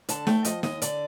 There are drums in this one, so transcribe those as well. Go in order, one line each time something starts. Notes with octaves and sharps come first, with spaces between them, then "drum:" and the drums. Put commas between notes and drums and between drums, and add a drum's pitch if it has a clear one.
D3 A5, drum: hi-hat
A3 G5, drum: snare
F3 D#5, drum: hi-hat
D#2 D#5, drum: snare
D3 D5, drum: hi-hat